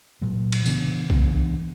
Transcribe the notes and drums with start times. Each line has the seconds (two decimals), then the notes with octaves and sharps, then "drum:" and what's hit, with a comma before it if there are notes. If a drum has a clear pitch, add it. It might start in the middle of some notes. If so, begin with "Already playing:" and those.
0.21 A#2 F#3 A#3
0.52 drum: cymbal
0.66 C#3 E3 B3 D4, drum: tambourine
1.10 C#3 E3 B3 D4, drum: kick B1